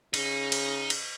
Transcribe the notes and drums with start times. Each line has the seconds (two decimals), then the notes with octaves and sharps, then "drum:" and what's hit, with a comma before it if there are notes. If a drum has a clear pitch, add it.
0.14 C#3 D#4, drum: cymbal
0.52 drum: cymbal
0.90 drum: cymbal